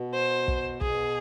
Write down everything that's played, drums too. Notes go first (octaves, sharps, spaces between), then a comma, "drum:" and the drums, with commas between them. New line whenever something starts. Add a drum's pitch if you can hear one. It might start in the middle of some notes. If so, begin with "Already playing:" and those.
Already playing: B2
C5
drum: kick
B2 G#4, drum: kick